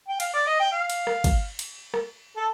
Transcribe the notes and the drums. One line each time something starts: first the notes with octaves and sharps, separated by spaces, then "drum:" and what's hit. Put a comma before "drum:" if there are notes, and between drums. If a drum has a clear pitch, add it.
G5
F5, drum: cymbal
D5
D#5
G5
F5
drum: cymbal
drum: rim click
drum: kick, cymbal
drum: cymbal
drum: rim click
A4